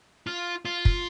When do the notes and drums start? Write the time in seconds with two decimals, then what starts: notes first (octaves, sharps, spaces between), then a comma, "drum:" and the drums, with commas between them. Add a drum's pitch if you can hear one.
0.27 F4
0.65 F4
0.85 drum: kick